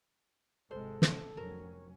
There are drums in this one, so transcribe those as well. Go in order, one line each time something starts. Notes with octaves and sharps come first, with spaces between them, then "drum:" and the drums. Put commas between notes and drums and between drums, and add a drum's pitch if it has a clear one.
G#1 C3 G#3 A4 C5
drum: snare
F1 F#3 C#4 A#4